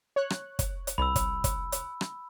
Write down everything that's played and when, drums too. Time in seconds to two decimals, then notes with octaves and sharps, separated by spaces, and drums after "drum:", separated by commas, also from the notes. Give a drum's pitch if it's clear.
0.16 C#5 F#6
0.30 drum: rim click
0.59 drum: kick, hi-hat
0.87 drum: hi-hat
0.98 C2 B5 E6
1.16 drum: kick, hi-hat
1.44 drum: kick, hi-hat
1.72 drum: hi-hat
2.01 drum: rim click